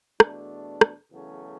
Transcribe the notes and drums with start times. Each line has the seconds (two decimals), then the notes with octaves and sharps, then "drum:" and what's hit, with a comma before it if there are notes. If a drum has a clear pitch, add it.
0.20 E2 B2 A3 D4, drum: rim click
0.81 drum: rim click
1.12 E2 C#3 F#3 A3 C#4